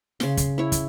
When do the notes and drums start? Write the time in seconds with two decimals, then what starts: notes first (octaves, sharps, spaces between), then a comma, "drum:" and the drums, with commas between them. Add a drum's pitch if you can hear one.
0.20 C#3 C6, drum: snare
0.37 drum: kick, hi-hat
0.58 E4 C#5
0.72 drum: kick, hi-hat